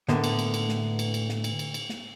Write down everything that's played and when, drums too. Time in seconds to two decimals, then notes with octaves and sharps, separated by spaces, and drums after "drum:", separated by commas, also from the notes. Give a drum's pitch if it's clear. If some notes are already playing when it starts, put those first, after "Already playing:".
0.09 A2 D3 A#3 B3, drum: snare
0.24 drum: cymbal
0.39 drum: cymbal
0.54 drum: cymbal
0.69 drum: snare
0.99 drum: cymbal
1.14 drum: cymbal
1.29 drum: snare
1.44 drum: cymbal
1.59 drum: cymbal
1.74 drum: cymbal
1.89 drum: snare